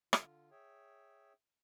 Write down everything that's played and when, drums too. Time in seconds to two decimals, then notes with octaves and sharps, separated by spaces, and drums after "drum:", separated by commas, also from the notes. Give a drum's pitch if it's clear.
0.13 D3 F4, drum: rim click
0.51 G#4 C#5 E5 G5